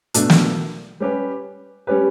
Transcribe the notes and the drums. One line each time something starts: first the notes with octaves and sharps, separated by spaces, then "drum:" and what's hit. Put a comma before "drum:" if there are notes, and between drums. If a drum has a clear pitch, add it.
B2 A3 D4, drum: hi-hat
drum: snare
G3 C#4 G4 B4
G3 C#4 G4 B4